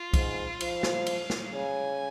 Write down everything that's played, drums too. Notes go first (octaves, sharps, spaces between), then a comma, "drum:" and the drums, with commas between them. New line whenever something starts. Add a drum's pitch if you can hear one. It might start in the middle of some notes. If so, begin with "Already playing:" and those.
Already playing: F4
G#2, drum: kick, cymbal
F3 F5, drum: cymbal
drum: snare
drum: cymbal
drum: snare
C#3 G#5